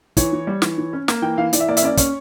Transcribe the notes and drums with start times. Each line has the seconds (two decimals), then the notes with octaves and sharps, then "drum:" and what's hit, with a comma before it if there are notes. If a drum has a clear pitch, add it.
0.17 E3 C#5, drum: kick, hi-hat
0.33 E3
0.47 G3
0.62 E3, drum: snare
0.78 E3
0.93 C#4
1.08 A#3, drum: snare
1.22 E3 G5
1.38 E3 F5
1.53 E3 D5, drum: hi-hat
1.60 E5
1.68 A#3 D5
1.77 E5, drum: hi-hat
1.82 C#4 D5
1.97 C#4 C#5, drum: kick, hi-hat